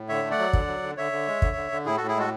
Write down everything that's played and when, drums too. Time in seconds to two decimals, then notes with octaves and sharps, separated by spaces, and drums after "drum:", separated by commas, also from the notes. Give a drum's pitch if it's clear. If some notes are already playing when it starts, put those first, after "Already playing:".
Already playing: A2
0.09 D3 C#5 E5
0.24 A3
0.31 D5 F#5
0.39 F#3
0.53 D3, drum: kick
0.68 F#3
0.83 D3
0.97 D3 C#5 E5
1.12 D3
1.27 G#3
1.42 D3, drum: kick
1.56 D3
1.72 D3
1.86 A2 E4 G#4
1.97 A2 F#4 A4
2.08 E4 G#4
2.16 G#3 F#4 A4